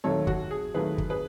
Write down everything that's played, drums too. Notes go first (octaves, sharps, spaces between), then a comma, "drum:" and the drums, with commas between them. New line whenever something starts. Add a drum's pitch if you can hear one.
D#2 D#3 F#3 A3 A4 C#5
F#4, drum: kick
G#4
D#2 D#3 F#3 A3 G#4 B4
drum: kick
G#4 B4